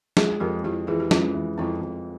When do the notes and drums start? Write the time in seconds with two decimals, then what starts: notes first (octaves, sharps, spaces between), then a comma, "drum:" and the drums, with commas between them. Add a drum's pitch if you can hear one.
0.17 G#3 F4 G#4, drum: snare
0.40 F2 G4 A#4
0.64 F2 E4 G4
0.87 E3 F4 G#4
1.00 G4
1.11 G#3 C#4 F4, drum: snare
1.34 E3
1.58 F2 C4 E4
1.81 F2